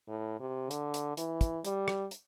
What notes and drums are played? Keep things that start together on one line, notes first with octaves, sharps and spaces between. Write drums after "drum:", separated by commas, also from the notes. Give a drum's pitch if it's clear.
A2
C3
D3, drum: hi-hat
drum: hi-hat
E3, drum: hi-hat
drum: kick, hi-hat
G3, drum: hi-hat
drum: rim click
drum: hi-hat